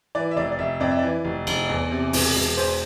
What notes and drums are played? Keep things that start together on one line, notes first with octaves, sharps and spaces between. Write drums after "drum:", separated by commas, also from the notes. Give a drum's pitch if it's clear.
E3 D5
E5
F1 D5
D5
F1 E5
F2 D5
E5
E3 D5
F1
F1, drum: cymbal
E2
C3
E1, drum: open hi-hat
E1
E2 C5